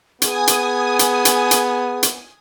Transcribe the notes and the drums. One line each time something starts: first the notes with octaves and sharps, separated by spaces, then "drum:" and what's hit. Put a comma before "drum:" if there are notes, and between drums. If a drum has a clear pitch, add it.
B3 G#4 G#5 D#6, drum: hi-hat
drum: hi-hat
drum: hi-hat
drum: hi-hat
drum: hi-hat
drum: hi-hat